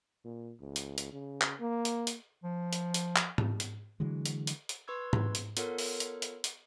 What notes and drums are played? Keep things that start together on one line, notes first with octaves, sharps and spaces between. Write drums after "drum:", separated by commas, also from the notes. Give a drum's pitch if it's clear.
A#2
C#2
drum: hi-hat
drum: hi-hat
C#3
drum: clap
A#3
drum: hi-hat
drum: hi-hat
F3
drum: hi-hat
drum: hi-hat
drum: clap
drum: tom G#2
drum: hi-hat
D3 E3 F#3 G#3
drum: hi-hat
drum: hi-hat
drum: hi-hat
B4 C6 C#6 E6 G#6
drum: tom G#2
drum: hi-hat
B3 F4 A4 A#4 C#5 F#5, drum: hi-hat
drum: open hi-hat
drum: hi-hat
drum: hi-hat
drum: hi-hat